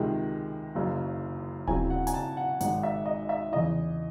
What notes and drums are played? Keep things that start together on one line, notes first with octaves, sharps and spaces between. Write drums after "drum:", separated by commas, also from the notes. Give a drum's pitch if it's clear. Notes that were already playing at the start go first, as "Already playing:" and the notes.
Already playing: C#2 C3 D#3 G#3
F#1 F#2 C#3
F#2 C#3 F#3 C4 E4 G#5, drum: kick D#1
F#5
G#5, drum: hi-hat
A5
F#5
G#1 G#2 D#3 G#3 D#4 F#5, drum: hi-hat
E5
D#5
E5
E2 C#3 E3 D#5